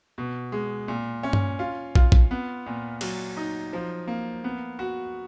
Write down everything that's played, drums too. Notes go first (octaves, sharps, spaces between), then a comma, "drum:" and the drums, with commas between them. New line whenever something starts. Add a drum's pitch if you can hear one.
B2
G#3
A#2
C#4
drum: tom G2
F4
F4, drum: kick
drum: kick
B3
A#2
F#3, drum: cymbal
D#4
F3
A#3
B3
F#4